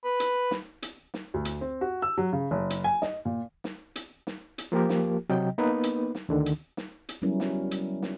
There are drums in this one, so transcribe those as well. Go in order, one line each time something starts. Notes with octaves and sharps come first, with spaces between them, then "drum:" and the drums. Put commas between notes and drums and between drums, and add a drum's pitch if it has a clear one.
B4
drum: hi-hat
drum: snare
drum: hi-hat
drum: snare
D2
drum: hi-hat
C4
F#4
E6
F#3
C#3
F#1
drum: hi-hat
G#5
D#5, drum: snare
A#2
drum: snare
drum: hi-hat
drum: snare
drum: hi-hat
F3 A#3 F4 G4 A#4
drum: snare
C3 F#3 D#5 G5
A#3 B3 D#4 B4
drum: hi-hat
drum: snare
D2 D3 D#3
drum: hi-hat
drum: snare
drum: hi-hat
F#3 G3 B3 C#4 E4 A#4
drum: snare
drum: hi-hat
drum: snare